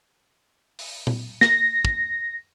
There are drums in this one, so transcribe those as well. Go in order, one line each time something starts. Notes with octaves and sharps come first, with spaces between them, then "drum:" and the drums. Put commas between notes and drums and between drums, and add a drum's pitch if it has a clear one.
drum: open hi-hat
drum: tom A#2
A#6, drum: snare
drum: kick